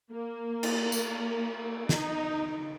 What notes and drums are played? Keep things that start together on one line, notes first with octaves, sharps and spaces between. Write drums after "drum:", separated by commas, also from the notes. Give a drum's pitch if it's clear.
A#3
drum: cymbal
drum: tambourine
D#4, drum: snare